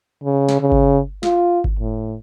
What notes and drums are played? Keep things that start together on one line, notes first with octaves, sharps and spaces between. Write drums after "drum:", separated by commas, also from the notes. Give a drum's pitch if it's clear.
C#3
drum: snare
C#3
drum: kick G1
F4, drum: snare
drum: kick G1
A2